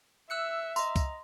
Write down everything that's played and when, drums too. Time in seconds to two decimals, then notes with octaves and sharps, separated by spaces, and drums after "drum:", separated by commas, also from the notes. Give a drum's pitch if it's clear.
0.30 E5 E6 F#6 C#7
0.76 D#5 A#5 C6, drum: tambourine
0.96 drum: kick C2, tambourine